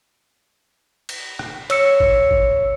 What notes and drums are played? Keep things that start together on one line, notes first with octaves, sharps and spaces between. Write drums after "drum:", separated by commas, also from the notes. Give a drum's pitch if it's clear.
drum: cymbal
drum: rim click
C#5 E6 C#7, drum: cymbal
drum: kick
drum: kick